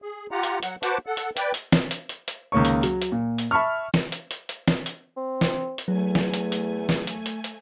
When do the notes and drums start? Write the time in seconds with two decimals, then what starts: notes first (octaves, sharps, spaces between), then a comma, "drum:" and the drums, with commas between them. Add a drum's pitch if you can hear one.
0.02 G#4
0.31 F4 G4 F#5 A#5
0.43 drum: hi-hat
0.63 F#3 F#5, drum: hi-hat
0.83 F#4 B4 C5 F#5 A5 D6, drum: hi-hat
1.06 A4 F#5
1.17 drum: hi-hat
1.37 B4 D5 G5, drum: hi-hat
1.54 drum: hi-hat
1.72 drum: snare
1.91 drum: hi-hat
2.09 drum: hi-hat
2.28 drum: hi-hat
2.52 C#2 D#3 A#3 C#5 C#6
2.65 drum: hi-hat
2.83 F#3, drum: hi-hat
3.02 drum: hi-hat
3.12 A#2
3.38 drum: hi-hat
3.51 E5 A5 B5 C#6 F6
3.94 drum: snare
4.12 drum: hi-hat
4.31 drum: hi-hat
4.49 drum: hi-hat
4.68 drum: snare
4.86 drum: hi-hat
5.17 C4
5.41 drum: snare
5.78 drum: hi-hat
5.88 E2 F#3 A3 G#5
6.15 drum: snare
6.34 drum: hi-hat
6.52 drum: hi-hat
6.89 drum: snare
7.07 drum: hi-hat
7.26 drum: hi-hat
7.44 drum: hi-hat